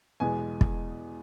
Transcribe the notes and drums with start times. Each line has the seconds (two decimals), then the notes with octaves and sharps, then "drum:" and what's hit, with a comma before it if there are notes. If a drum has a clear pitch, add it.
0.20 E2 B2 G#3 B3 G#5
0.61 drum: kick